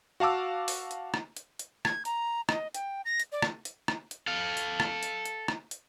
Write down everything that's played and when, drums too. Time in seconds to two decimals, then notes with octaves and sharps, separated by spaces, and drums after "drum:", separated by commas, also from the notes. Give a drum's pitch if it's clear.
0.20 F#4 F5 A5 D6 E6
0.68 drum: open hi-hat
0.91 drum: hi-hat
1.14 drum: rim click
1.37 drum: hi-hat
1.59 drum: hi-hat
1.85 G#6, drum: rim click
2.05 A#5, drum: hi-hat
2.49 D#5, drum: rim click
2.74 G5, drum: hi-hat
3.05 A#6
3.20 drum: hi-hat
3.32 D5
3.42 drum: rim click
3.65 drum: hi-hat
3.88 drum: rim click
4.11 drum: hi-hat
4.27 A4 F5
4.57 drum: hi-hat
4.80 drum: rim click
5.03 drum: hi-hat
5.25 drum: hi-hat
5.48 drum: rim click
5.71 drum: hi-hat